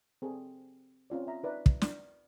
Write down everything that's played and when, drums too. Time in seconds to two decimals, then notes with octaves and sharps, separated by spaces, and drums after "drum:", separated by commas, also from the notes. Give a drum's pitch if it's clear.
0.22 C4 G#4 A4
1.10 C4 C#4 F4 D5
1.27 E5 A#5
1.43 D#4 B4 D5 E5 A#5
1.66 drum: kick
1.81 D5, drum: snare